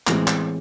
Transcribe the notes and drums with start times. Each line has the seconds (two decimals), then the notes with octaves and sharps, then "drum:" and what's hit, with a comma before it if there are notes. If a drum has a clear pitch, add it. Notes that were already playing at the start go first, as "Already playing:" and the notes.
0.07 A2 E3 G#3 C4, drum: clap
0.27 drum: clap